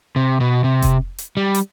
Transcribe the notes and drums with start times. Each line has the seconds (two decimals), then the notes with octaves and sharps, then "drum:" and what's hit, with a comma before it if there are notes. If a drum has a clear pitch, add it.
0.16 C3
0.40 B2
0.64 C3
0.82 drum: kick F1, hi-hat
1.18 drum: hi-hat
1.37 G3
1.55 drum: hi-hat